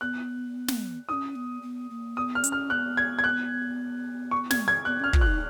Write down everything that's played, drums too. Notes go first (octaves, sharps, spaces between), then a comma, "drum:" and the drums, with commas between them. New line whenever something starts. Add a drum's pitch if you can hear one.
B3 F#6
drum: snare
C#4 D#4 D#6
B3
B3
A#3
B3 D#6
F6
C#4, drum: hi-hat
F6
B3 F#6
G#6
G#6
F#6
C#6
G#6, drum: snare
G#6
B3 F#6
C#4 F6
F4, drum: kick
F#6
D#4